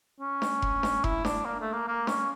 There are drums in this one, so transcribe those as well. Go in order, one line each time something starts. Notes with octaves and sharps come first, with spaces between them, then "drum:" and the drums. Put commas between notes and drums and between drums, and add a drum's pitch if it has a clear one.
C#4
drum: snare D4
drum: kick F1
drum: snare D4
E4, drum: kick F1
D4, drum: snare D4
A#3
A3
A#3
A#3
C#4, drum: snare D4